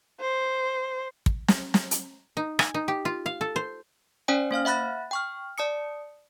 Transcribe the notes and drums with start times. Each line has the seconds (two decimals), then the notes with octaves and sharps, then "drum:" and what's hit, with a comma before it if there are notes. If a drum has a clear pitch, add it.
0.20 C5
1.26 drum: kick
1.48 drum: snare
1.74 drum: snare
1.91 drum: hi-hat
2.37 D#4
2.59 G#5, drum: rim click
2.74 D#4
2.88 G4
3.05 F4
3.26 F5
3.41 A4
3.56 C5
4.28 C#4 C5 D5 G5 G#5
4.51 A#3 C5 F5 F6
4.65 E5 F#5 B5 F#6 A6
5.11 G5 C#6 F6
5.58 D5 A5 D#6 C#7